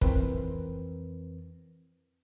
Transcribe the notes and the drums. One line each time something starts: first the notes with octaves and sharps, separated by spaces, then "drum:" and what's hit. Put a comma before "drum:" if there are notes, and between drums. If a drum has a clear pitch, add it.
F2 E3 C4 A#4 B4, drum: kick